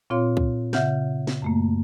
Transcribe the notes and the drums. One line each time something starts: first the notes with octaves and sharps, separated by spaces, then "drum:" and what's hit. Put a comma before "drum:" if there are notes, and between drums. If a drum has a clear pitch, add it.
A#2 C4 F4 C#5 F5 C6
drum: kick
C#3 E5 F#5 F6 G6, drum: snare
drum: snare
F#2 A3 A#3